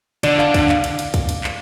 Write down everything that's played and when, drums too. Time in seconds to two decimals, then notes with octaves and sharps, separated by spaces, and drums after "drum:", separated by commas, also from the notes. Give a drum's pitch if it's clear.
0.23 D3 D5, drum: cymbal
0.38 F5, drum: clap
0.54 F5, drum: kick, cymbal
0.69 drum: clap
0.84 drum: cymbal
0.99 drum: cymbal
1.14 drum: kick, cymbal
1.29 drum: cymbal
1.44 drum: clap